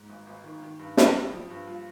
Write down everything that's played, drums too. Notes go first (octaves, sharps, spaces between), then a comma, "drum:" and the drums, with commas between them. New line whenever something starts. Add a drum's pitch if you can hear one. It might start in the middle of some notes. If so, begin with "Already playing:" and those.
Already playing: G#2
G#1
G#1
D#3
D#3
G2
C4, drum: snare
G3
F3
G2
F4